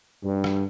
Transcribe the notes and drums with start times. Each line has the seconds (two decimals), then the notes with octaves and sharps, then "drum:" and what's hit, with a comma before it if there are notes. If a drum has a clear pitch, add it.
0.23 G2
0.44 drum: rim click